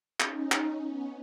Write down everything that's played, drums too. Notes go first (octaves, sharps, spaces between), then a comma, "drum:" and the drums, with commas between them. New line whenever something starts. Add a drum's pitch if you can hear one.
C#4 D#4, drum: clap
drum: clap
B3 C#4